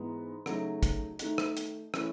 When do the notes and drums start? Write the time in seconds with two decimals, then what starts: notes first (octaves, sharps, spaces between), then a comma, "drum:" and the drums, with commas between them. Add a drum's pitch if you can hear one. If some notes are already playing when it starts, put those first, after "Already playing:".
Already playing: G#2 E3 G#3 B3
0.46 C#3 F#3 A3 D#4, drum: rim click
0.83 drum: kick, hi-hat
1.19 D#3 A3 D#4, drum: hi-hat
1.38 drum: rim click
1.57 drum: hi-hat
1.94 E3 A3 C#4, drum: rim click